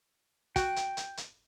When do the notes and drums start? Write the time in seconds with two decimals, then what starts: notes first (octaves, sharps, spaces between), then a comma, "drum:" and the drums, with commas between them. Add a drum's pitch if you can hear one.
0.56 F#4 G5 F#6, drum: kick, hi-hat
0.76 drum: hi-hat
0.97 drum: hi-hat
1.17 drum: hi-hat